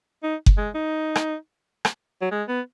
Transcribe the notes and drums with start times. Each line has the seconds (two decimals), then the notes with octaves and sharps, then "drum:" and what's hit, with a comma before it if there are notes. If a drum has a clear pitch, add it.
0.23 D#4
0.46 drum: kick F#1
0.58 G#3
0.75 D#4
1.16 drum: rim click
1.85 drum: rim click
2.22 F#3
2.31 G#3
2.49 B3